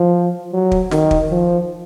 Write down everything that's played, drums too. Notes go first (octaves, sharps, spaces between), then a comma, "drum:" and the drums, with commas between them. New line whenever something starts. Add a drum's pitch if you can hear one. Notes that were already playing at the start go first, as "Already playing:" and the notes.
Already playing: F3
F#3
drum: kick
D#3, drum: snare
drum: kick
F3